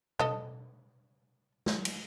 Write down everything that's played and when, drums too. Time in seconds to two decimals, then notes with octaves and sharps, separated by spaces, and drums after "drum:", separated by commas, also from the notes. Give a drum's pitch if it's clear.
0.19 A4 D#5, drum: tom B2
1.66 drum: snare
1.85 drum: cymbal